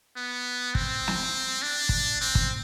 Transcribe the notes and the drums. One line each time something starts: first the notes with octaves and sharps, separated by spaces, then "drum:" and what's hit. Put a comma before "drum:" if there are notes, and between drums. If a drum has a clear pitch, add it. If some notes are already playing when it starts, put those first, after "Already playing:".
B3
C4, drum: kick
drum: snare
D4
drum: kick
C4
drum: kick